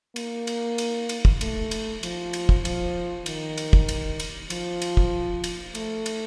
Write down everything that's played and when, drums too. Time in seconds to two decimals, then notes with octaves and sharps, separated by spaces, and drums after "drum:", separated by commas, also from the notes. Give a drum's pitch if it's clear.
0.16 A#3, drum: cymbal
0.47 drum: cymbal
0.78 drum: cymbal
1.09 drum: cymbal
1.25 drum: kick
1.41 A3, drum: cymbal
1.71 drum: cymbal
2.03 F3, drum: cymbal
2.33 drum: cymbal
2.49 drum: kick
2.65 F3, drum: cymbal
3.26 D#3, drum: cymbal
3.58 drum: cymbal
3.73 drum: kick
3.89 drum: cymbal
4.20 drum: cymbal
4.50 F3, drum: cymbal
4.82 drum: cymbal
4.97 drum: kick
5.44 drum: cymbal
5.75 A3, drum: cymbal
6.06 drum: cymbal